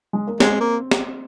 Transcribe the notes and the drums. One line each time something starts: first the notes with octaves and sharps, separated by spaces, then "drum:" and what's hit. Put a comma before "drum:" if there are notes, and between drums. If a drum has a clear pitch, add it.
G#3
A#3
G#3 C4, drum: snare
A#3
drum: snare